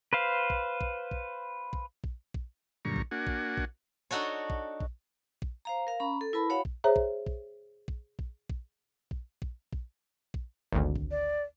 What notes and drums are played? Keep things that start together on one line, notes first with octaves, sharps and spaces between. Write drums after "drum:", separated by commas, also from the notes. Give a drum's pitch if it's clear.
B4 C5 F5
drum: kick A#1
drum: kick A#1
drum: kick A#1
drum: kick A#1
drum: kick A#1
drum: kick A#1
F#2 A#2 D3 G3 A#5 C#6
drum: kick A#1
A#3 D4 F#4 F#5 G#5
drum: kick A#1
drum: kick A#1
D4 D#4 F#4 A4 C#5
drum: kick A#1
drum: kick A#1
drum: kick A#1
C5 F5 A#5
A#4 F5
C#4 A#5 B5
A4
E4 A#4 B4 A5 B5
F#4 C#5 F5 F#5 B5
drum: kick A#1
G#4 C5 C#5 E5 A#5
drum: kick A#1
drum: kick A#1
drum: kick A#1
drum: kick A#1
drum: kick A#1
drum: kick A#1
drum: kick A#1
drum: kick A#1
drum: kick A#1
G#1 D2
drum: kick A#1
D5